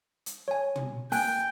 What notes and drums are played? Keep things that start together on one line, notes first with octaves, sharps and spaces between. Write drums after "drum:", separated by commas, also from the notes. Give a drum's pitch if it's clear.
drum: hi-hat
C#5 G#5
drum: tom
A#3 G5 G#5 F#6, drum: open hi-hat